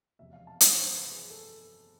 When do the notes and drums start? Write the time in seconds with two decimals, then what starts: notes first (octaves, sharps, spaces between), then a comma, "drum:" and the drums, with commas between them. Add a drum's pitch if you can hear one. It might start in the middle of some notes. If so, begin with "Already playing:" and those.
0.19 F1 E2 B2 E5
0.33 F5
0.47 A5
0.61 D5, drum: hi-hat
0.75 C5
0.93 B4
1.12 G#4
1.30 A4